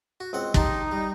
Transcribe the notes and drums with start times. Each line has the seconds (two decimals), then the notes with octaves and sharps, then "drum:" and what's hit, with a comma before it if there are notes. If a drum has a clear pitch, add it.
0.20 F#4
0.33 C#2 C4 F#5
0.54 D#4 G4 A5 C6, drum: kick
0.92 G3